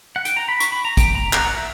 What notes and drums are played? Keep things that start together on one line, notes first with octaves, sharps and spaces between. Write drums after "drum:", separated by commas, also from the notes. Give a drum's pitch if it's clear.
F#5
G5, drum: hi-hat
A#5
B5
C#6, drum: hi-hat
B5
A#5
G5, drum: kick, hi-hat
A#5
A#5, drum: clap
F#5
E5